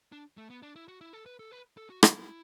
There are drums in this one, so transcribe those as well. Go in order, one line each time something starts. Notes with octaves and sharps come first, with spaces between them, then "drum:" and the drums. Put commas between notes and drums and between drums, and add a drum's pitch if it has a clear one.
D4
A3
B3
D4
E4
F#4
E4
A4
B4
A4
B4
A4
F#4
E4, drum: rim click